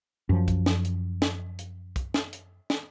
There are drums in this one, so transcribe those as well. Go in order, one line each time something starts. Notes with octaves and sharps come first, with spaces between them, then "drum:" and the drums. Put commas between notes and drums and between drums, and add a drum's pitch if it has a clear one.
F#2 F3
drum: kick, hi-hat
drum: snare
drum: hi-hat
drum: snare
drum: hi-hat
drum: kick, hi-hat
drum: snare
drum: hi-hat
drum: snare